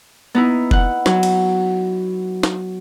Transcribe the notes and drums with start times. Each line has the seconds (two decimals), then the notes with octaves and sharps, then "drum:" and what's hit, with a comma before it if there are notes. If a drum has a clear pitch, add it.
0.35 B3 D#4 E4
0.71 F#5 F#6, drum: kick F1
1.06 F#3, drum: snare
1.23 drum: cymbal
2.43 drum: snare